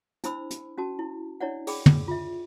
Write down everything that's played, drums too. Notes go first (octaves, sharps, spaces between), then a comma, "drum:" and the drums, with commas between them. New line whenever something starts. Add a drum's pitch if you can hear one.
D4 E4 C5 B5 E6, drum: hi-hat
drum: hi-hat
C#4 F#4 A5
E4
D4 E4 C#5 D5 F#5
G#4 D5 G5 B5 D6, drum: open hi-hat
drum: tom
F4 E5